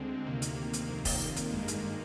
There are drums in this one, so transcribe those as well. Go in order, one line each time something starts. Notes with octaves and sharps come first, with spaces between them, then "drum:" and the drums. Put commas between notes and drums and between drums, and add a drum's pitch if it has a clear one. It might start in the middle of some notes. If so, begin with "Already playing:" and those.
Already playing: D2 D3 G#3 C4
D2 C3 D#3 A#3
drum: hi-hat
drum: hi-hat
F2 C3 D#3
drum: kick, open hi-hat
drum: hi-hat
G#1 G2 D#3 G#3
drum: hi-hat